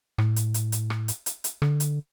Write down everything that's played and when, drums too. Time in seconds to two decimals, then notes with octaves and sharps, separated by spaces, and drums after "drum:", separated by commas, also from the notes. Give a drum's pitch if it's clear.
0.18 A2, drum: rim click
0.36 drum: hi-hat
0.54 drum: hi-hat
0.72 drum: hi-hat
0.90 drum: rim click
1.08 drum: hi-hat
1.26 drum: hi-hat
1.44 drum: hi-hat
1.62 D3, drum: rim click
1.80 drum: hi-hat